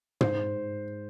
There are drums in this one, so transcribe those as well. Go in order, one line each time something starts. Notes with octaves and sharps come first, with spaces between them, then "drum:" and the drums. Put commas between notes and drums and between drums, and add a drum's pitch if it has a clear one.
G#2 C5, drum: tom